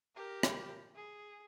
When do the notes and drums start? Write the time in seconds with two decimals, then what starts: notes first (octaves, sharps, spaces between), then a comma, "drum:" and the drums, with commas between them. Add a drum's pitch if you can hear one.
0.16 G4 A#4
0.43 drum: rim click
0.95 G#4